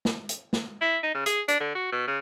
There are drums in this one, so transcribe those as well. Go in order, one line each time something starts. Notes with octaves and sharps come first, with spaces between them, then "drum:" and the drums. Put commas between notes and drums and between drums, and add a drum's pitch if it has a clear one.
drum: snare
drum: hi-hat
drum: snare
E4
D#4
C#3
G#4, drum: hi-hat
D4, drum: hi-hat
D3
F#4
B2
C#3